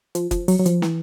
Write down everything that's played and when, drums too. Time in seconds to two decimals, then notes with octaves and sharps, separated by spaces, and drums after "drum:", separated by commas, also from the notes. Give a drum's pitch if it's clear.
0.15 F3, drum: hi-hat
0.31 F3, drum: kick F#1, hi-hat
0.48 F#3, drum: open hi-hat
0.59 F#3
0.66 F3, drum: hi-hat
0.82 E3, drum: snare